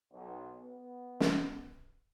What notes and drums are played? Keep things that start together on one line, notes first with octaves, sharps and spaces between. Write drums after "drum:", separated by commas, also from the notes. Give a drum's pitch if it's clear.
B1
B3
drum: snare